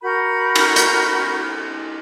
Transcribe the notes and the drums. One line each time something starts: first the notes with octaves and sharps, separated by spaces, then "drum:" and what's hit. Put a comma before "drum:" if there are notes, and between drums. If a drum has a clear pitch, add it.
F#4 A#4 B5 G6
drum: cymbal
drum: hi-hat